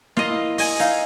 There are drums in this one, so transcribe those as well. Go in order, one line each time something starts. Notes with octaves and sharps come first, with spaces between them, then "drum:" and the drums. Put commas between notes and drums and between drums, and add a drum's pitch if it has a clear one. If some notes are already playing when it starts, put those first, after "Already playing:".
A#3 F4 D#5, drum: snare
E4
D#5 G#5, drum: open hi-hat
D#4 E5 F5, drum: hi-hat